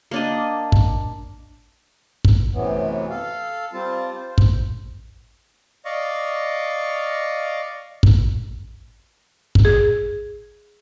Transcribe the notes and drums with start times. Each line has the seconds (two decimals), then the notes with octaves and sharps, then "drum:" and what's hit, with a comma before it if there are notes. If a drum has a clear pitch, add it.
0.11 A#3 D4 D#5
0.72 drum: kick
2.25 drum: kick
2.54 F#2 A2 C3 E3 F#3 B3
3.10 A4 F5
3.73 G3 C4 F4 A5
4.15 C5
4.38 drum: kick
5.85 D5 D#5 F5 C#6
8.03 drum: kick
9.55 drum: kick
9.65 G#4